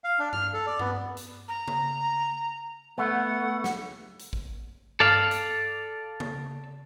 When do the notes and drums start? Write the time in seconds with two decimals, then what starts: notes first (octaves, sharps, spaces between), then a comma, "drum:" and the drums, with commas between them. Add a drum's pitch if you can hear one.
0.04 F5
0.19 D4
0.33 F6, drum: tom G2
0.53 A4
0.67 D5
0.79 B3, drum: tom G2
1.17 drum: hi-hat
1.49 A#5
1.68 drum: tom C#3
2.98 A3 B3 F#5
3.64 drum: snare
4.19 drum: hi-hat
4.33 drum: kick
5.00 A4 D5 F5, drum: tom G2
5.31 drum: hi-hat
6.20 drum: tom C#3